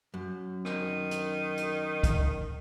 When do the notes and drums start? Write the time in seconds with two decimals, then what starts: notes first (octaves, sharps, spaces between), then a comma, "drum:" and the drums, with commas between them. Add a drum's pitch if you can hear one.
0.14 F#2
0.65 D#3, drum: rim click
1.11 drum: hi-hat
1.57 drum: hi-hat
2.03 drum: kick, hi-hat